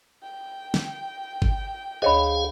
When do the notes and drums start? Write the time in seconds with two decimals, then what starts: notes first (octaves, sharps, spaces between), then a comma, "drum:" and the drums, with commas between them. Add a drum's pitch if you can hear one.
0.23 G5
0.74 drum: snare
1.42 drum: kick G1
2.02 D2 G#4 C5 C#5 D#5 F5 B5